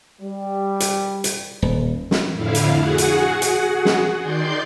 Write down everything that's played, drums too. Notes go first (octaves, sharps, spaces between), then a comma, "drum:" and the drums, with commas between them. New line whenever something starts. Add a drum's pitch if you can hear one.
G3
drum: hi-hat
drum: hi-hat
D#1
drum: snare
F2 A2 D3 E4 F5
drum: hi-hat
F#4 G#4 F#5
drum: hi-hat
drum: hi-hat
drum: snare
D#3 D5 C6 G6